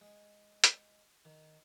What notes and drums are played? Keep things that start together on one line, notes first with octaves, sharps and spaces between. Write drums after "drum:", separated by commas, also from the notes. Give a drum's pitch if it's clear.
G#3
drum: hi-hat
D#3